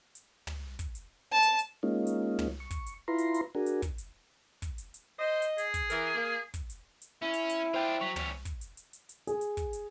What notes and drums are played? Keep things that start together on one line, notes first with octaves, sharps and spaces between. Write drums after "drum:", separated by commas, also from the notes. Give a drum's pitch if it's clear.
drum: hi-hat
drum: tom
drum: kick, hi-hat
drum: hi-hat
A5
drum: hi-hat
drum: hi-hat
G#3 A#3 C#4 D#4 F4
drum: hi-hat
drum: tom
C#6
drum: kick, hi-hat
drum: hi-hat
E4 F4 B4 A#5 C6
drum: hi-hat
drum: hi-hat
D4 F#4 G#4 A#4
drum: hi-hat
drum: kick, hi-hat
drum: hi-hat
drum: kick, hi-hat
drum: hi-hat
drum: hi-hat
C5 D#5
drum: hi-hat
G#4, drum: hi-hat
drum: kick, hi-hat
E3 A#4, drum: hi-hat
A#3
drum: kick, hi-hat
drum: hi-hat
drum: hi-hat
C#4 E4
drum: hi-hat
drum: hi-hat
D4 F4 C5 G5
F#3 C#6 B6
E2 C#4, drum: tom
drum: kick, hi-hat
drum: hi-hat
drum: hi-hat
drum: hi-hat
drum: hi-hat
G#4, drum: hi-hat
drum: hi-hat
drum: kick, hi-hat
drum: hi-hat